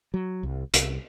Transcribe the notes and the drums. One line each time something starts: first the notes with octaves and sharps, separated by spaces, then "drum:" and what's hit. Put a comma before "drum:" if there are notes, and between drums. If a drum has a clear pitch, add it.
F#3
C2
C2, drum: hi-hat